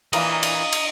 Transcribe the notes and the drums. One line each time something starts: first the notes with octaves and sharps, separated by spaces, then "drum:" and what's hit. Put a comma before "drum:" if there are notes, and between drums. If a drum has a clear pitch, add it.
A#2 E3 D5 D#5 F5 A#5, drum: cymbal
drum: cymbal
drum: cymbal